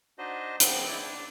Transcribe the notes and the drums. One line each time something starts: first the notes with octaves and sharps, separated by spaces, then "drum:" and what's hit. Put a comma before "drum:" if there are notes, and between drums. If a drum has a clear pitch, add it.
D4 D#4 F#4 C5 D#5
C#3 F3 B3 C4, drum: hi-hat
E4 D5
D4